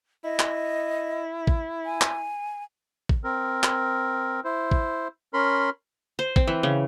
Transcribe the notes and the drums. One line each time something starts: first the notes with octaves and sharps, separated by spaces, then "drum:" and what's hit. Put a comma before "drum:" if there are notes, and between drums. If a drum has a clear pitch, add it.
E4 D#5
drum: clap
drum: kick A1
G#5
drum: clap
drum: kick A1
C4 A#4
drum: clap
E4 C5
drum: kick A1
C#4 A#4 B5 C6
C5
C4, drum: kick A1
E3
C#3